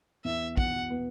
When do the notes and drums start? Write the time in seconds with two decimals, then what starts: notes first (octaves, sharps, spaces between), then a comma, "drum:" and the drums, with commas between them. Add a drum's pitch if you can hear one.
0.25 E2 E5
0.57 B2 F#5, drum: kick
0.90 B3